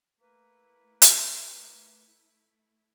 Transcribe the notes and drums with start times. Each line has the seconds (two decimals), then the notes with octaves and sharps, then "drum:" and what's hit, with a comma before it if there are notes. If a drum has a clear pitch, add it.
0.21 A3 A#3 E4 B4
1.02 drum: hi-hat